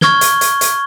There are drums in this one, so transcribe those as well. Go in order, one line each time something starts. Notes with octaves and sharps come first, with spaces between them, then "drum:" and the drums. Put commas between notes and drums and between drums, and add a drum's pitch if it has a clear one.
C#6 F6 G#6 G7, drum: snare
drum: hi-hat
drum: hi-hat
drum: hi-hat